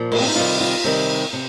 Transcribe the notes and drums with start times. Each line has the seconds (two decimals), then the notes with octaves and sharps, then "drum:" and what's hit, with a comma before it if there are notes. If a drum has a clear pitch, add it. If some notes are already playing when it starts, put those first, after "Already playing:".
Already playing: A#2 F3
0.12 A#3, drum: cymbal
0.20 C4
0.28 D#4
0.35 C3 D#3 G3 F4
0.61 F4
0.84 C3 D#3 G3
1.33 C3